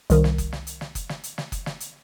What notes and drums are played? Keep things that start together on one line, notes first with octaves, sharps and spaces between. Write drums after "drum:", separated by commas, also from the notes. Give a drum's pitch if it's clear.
C2 D#3, drum: hi-hat
drum: snare
drum: kick F#1, hi-hat
drum: snare
drum: hi-hat
drum: snare
drum: kick F#1, hi-hat
drum: snare
drum: hi-hat
drum: snare
drum: kick F#1, hi-hat
drum: snare
drum: hi-hat